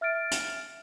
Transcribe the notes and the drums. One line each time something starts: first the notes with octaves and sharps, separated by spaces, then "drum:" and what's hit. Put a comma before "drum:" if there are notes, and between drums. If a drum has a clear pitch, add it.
E5 F6 A6 D7
drum: hi-hat